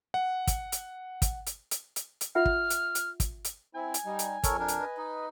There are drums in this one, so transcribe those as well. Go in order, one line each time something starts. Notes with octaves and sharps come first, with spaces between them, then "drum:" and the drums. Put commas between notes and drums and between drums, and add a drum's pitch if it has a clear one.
F#5
drum: kick, hi-hat
drum: hi-hat
drum: kick, hi-hat
drum: hi-hat
drum: hi-hat
drum: hi-hat
drum: hi-hat
F4 E5 F#5 F6
drum: kick
drum: hi-hat
drum: hi-hat
drum: kick, hi-hat
drum: hi-hat
C4 E4 G#5
drum: hi-hat
G3 D#4
drum: hi-hat
F2 A4 A#4 C#5, drum: kick, hi-hat
D4 A#4
drum: hi-hat
B4 D#5
D#4